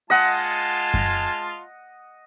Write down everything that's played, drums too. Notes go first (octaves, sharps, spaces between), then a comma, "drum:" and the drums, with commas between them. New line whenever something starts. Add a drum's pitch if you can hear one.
G#3 F4 D#5 F#5 A5
drum: kick F#2